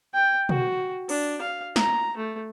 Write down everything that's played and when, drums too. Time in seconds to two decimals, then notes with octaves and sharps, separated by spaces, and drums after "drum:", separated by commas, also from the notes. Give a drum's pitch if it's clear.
0.14 G5
0.49 F#4, drum: tom
1.09 D4, drum: open hi-hat
1.41 F5
1.76 A#5, drum: snare
2.17 A3